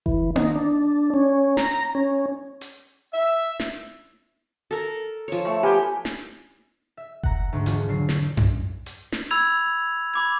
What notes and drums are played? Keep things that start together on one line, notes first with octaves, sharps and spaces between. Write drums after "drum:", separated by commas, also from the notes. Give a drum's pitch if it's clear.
E3, drum: kick F#1
D#4, drum: tom A#3
D4
C#4
A#5, drum: snare
C#4
drum: hi-hat
E5
drum: snare
A4 A#4
F3 C#5
A3 A4
B3 G4 A#4 G#5
drum: snare
E5
F#5 A#5, drum: kick F#1
D2 G#2
E1 F4 F#4, drum: hi-hat
D3 F#3 C7
drum: snare
drum: tom F#2
drum: hi-hat
drum: snare
B5 E6 G#6 F7
B5 D6 G#6